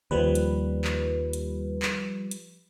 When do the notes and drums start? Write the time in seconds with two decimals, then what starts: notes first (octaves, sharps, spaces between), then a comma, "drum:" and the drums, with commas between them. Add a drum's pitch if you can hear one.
0.11 D#2 F3 G3 B4
0.35 drum: hi-hat
0.84 drum: clap
1.33 drum: hi-hat
1.82 drum: clap
2.31 drum: hi-hat